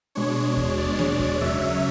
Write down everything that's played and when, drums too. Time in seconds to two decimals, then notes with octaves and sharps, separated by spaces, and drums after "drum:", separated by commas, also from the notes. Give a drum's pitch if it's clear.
0.15 B2 G#3 D4 C#5
0.57 drum: kick D#2
0.78 D5
0.99 drum: snare A#3
1.20 drum: kick D#2
1.40 F#2 C#3 F#3 C#4 E5